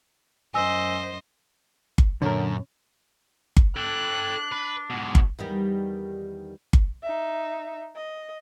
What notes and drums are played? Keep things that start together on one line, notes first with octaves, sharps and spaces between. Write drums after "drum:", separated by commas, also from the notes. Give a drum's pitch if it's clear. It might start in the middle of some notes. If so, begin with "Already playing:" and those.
F#2 C5 D#5 G#5 E6
drum: kick G1
F#2 A#2 D3 A#4 C#5
drum: kick G1
D4 A4 G5 F#6
B4
G#2 B2
drum: kick G1
E2 D#3 G3
drum: kick G1
D#4 E5
D#5